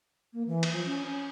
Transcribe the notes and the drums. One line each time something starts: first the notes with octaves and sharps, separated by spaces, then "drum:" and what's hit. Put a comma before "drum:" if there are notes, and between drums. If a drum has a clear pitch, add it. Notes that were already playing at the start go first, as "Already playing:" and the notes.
A#3
E3
drum: cymbal
F3
C#4
C#4